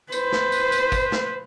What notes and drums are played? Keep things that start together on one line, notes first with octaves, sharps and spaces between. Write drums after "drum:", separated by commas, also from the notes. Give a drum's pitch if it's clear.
B4 C5, drum: tambourine
drum: snare
drum: tambourine
drum: tambourine
drum: kick, tambourine
drum: snare